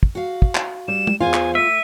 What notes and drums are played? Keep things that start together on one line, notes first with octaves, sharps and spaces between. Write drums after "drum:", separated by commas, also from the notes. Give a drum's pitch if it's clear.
drum: kick
F#4 F5
drum: kick
drum: clap
G3 E7
drum: tom
E2 F4 C5 F5 G#5
drum: clap
A3 E5 D#7